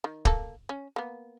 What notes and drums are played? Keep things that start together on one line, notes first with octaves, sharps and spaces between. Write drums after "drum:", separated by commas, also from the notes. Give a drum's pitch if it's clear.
D#3
A#3 A4, drum: kick
C#4
A#3 B3